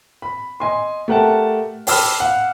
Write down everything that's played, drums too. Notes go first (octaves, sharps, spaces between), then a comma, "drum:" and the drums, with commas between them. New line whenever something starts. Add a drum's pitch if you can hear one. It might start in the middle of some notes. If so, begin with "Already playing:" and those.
B5
D#5 G#5 C6
A3 G4 A#4 F#5 G5 A5
G5 A5 B5 D6 E6 F6, drum: open hi-hat
F5 F#5